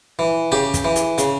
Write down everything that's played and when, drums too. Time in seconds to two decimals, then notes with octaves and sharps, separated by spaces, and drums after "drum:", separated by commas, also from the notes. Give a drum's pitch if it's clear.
0.19 E3
0.52 C#3 G4
0.74 drum: kick, hi-hat
0.84 E3
0.96 drum: hi-hat
1.18 C#3, drum: hi-hat